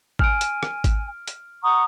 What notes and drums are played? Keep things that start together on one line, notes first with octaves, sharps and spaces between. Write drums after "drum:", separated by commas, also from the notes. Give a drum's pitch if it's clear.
G#5 F6 D7, drum: kick G#1
drum: hi-hat
drum: rim click
drum: kick G#1, hi-hat
drum: hi-hat
F#5 A#5 C#6 D#6